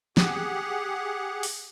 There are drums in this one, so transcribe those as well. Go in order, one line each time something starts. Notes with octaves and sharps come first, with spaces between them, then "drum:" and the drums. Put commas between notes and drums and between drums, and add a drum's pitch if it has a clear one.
G4 G#4 F#5, drum: snare
drum: open hi-hat